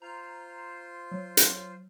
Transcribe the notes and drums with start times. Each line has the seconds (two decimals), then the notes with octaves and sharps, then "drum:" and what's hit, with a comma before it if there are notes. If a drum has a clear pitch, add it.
0.02 F4 C5 A#5
1.11 F#3
1.37 drum: hi-hat